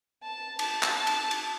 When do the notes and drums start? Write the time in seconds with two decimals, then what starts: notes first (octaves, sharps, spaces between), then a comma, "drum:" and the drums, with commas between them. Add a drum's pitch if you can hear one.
0.23 A5
0.59 A5, drum: cymbal
0.83 drum: clap
0.95 A5
1.07 drum: cymbal
1.31 drum: cymbal